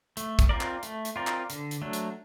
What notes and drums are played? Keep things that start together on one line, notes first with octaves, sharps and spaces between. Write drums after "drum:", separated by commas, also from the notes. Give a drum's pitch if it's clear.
A3, drum: hi-hat
drum: kick, hi-hat
C4 F4 A#4 D5
drum: clap
A3, drum: hi-hat
drum: hi-hat
C4 F4 A#4 D5
drum: clap
D3, drum: hi-hat
drum: hi-hat
F#3 A3 D4
drum: hi-hat